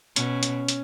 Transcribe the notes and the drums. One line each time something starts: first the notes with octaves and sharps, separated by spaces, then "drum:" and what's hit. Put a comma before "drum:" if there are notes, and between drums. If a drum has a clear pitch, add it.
B2 C#4, drum: hi-hat
drum: hi-hat
drum: hi-hat